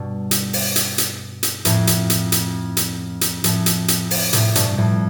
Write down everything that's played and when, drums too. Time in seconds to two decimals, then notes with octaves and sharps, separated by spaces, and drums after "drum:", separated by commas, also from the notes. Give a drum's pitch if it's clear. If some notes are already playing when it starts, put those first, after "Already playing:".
Already playing: G2 B2
0.31 drum: hi-hat
0.53 drum: open hi-hat
0.76 drum: hi-hat
0.98 drum: hi-hat
1.43 drum: hi-hat
1.65 F2 A2, drum: hi-hat
1.87 drum: hi-hat
2.10 drum: hi-hat
2.32 drum: hi-hat
2.77 drum: hi-hat
3.21 drum: hi-hat
3.44 F2 A2, drum: hi-hat
3.66 drum: hi-hat
3.88 drum: hi-hat
4.11 drum: open hi-hat
4.33 A2 C3, drum: hi-hat
4.55 G2 B2, drum: hi-hat
4.77 F2 A2